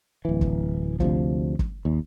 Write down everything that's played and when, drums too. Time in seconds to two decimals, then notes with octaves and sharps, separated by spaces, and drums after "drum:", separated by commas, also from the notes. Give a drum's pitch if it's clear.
0.25 D1 E3
0.41 drum: kick
1.00 D2 C3 F3, drum: kick
1.59 drum: kick
1.85 D#2